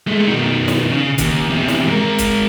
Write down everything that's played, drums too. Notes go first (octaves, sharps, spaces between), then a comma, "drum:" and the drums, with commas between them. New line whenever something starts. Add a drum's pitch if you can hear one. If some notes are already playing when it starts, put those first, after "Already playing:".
G#3 A3
B2 D#3
drum: snare
C#3
D#2, drum: kick C#1, hi-hat
E2 C3
drum: snare
G#2 A#4
drum: kick C#1, hi-hat